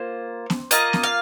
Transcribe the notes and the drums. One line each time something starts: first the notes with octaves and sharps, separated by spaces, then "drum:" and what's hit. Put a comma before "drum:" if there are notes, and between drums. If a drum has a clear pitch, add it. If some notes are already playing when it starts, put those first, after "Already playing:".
Already playing: A#3 F4 C5
drum: snare B3
A#3 F4 D#5, drum: hi-hat
drum: snare B3
F5